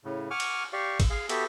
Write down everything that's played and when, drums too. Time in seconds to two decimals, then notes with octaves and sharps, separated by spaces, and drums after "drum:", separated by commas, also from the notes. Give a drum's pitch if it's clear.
0.04 A2 C#3
0.31 F#5 G#5 C#6 D6 F6
0.40 drum: cymbal
0.73 G4 D5 F5 C#6
1.00 drum: kick, cymbal
1.10 G#4 F5
1.29 B3 F#4 G4 A4 E5, drum: cymbal